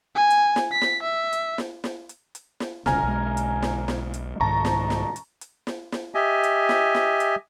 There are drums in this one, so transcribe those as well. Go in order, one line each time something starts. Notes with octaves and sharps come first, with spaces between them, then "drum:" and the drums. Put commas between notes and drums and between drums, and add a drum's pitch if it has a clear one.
G#5
drum: hi-hat
drum: snare
B6
drum: snare
E5
drum: hi-hat
drum: snare
drum: snare
drum: hi-hat
drum: hi-hat
drum: snare
D#1 C2 C#3 G#5 A#5 F6, drum: snare
B1 G#3
drum: hi-hat
drum: snare
drum: snare
drum: hi-hat
C2 G#2 D#3 A5 A#5 C#6
drum: snare
drum: snare
drum: hi-hat
drum: hi-hat
drum: snare
drum: snare
G4 D#5 E5 G#5
drum: hi-hat
drum: snare
drum: snare
drum: hi-hat